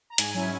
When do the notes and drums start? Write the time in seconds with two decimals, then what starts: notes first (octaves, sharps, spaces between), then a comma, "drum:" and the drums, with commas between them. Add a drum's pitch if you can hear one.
0.10 A#5
0.18 G#2 G#5, drum: hi-hat
0.34 F#3 C#4 E4